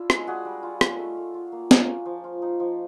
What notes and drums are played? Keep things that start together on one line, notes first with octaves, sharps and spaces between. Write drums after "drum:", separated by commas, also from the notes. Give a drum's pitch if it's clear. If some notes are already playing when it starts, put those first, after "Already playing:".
Already playing: D4 E4 F4
G#3, drum: rim click
D4 F#4 G#4
G3
F4
D#4, drum: rim click
A3
A3
F4
A#3
A#3, drum: snare B3
C#4
F3
F4
D#4
F3